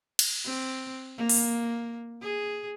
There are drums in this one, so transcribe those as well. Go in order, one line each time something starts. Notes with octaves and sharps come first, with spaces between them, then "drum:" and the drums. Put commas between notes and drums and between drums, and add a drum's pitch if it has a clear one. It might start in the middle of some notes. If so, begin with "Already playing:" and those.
drum: cymbal
C4
A#3
drum: open hi-hat
G#4